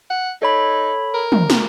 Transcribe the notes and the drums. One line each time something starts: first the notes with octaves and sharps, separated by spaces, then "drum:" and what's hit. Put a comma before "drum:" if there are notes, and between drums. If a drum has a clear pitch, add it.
F#5
D#4 A4 C#5 B5
A#4
drum: tom
drum: snare